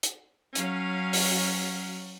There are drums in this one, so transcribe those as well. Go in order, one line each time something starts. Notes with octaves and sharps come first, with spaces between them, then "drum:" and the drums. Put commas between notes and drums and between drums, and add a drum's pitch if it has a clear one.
drum: hi-hat
F#3 C#4 F5, drum: hi-hat
drum: open hi-hat